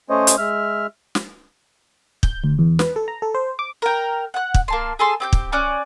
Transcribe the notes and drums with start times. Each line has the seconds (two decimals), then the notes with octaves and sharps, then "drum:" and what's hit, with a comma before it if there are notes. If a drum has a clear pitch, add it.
0.10 A3 C#4 C5 C#5 D#5
0.27 drum: hi-hat
0.38 G#3 E5 F6
1.15 drum: snare
2.23 G6, drum: kick
2.44 D2
2.59 E2
2.79 B4, drum: snare
2.96 A4
3.08 A#5
3.22 A4
3.35 C5
3.59 D6
3.82 A#4 G5
4.34 F#5 F#6
4.54 drum: kick
4.68 A#3 A5 C6
4.99 G#4 A4 C6
5.20 C4 G4 G6
5.33 drum: kick
5.52 C#4 D5 F#6